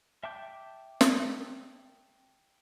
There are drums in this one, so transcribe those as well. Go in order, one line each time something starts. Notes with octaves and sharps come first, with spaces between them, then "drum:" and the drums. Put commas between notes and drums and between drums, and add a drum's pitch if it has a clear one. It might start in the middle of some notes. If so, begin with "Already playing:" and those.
E5 G5 A5 D6 G6
drum: snare